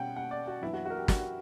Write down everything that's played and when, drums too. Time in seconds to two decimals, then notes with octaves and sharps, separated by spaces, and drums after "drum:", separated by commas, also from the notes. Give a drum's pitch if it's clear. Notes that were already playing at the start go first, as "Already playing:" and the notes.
Already playing: B2 G3 C#4 F#5 G5
0.16 F#5
0.31 D5
0.47 F#4
0.62 F#2 E3 B3 D4 E4
0.74 F#4
0.86 F#4
0.90 A#4
0.97 G4
1.08 F#4, drum: snare